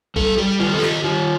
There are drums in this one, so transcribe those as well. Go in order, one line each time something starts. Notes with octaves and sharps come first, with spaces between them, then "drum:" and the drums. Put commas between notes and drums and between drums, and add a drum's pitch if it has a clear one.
G3 A4, drum: kick A1
G3 G4
D#3 F4
A4
D#3 G4, drum: clap
D#3 F4